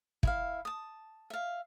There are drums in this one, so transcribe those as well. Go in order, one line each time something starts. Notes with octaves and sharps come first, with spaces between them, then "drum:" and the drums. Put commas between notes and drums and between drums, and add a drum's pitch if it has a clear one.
E4 E5 F5, drum: kick
A5 D#6
E5 F5